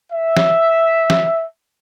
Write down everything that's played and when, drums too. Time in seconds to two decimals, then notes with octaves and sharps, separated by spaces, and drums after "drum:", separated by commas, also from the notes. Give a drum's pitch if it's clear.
0.12 E5
0.37 drum: snare
1.10 drum: snare